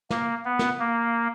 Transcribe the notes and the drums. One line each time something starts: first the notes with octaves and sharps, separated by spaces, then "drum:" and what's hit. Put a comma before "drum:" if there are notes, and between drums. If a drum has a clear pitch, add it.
A#3, drum: snare
B3
drum: snare
A#3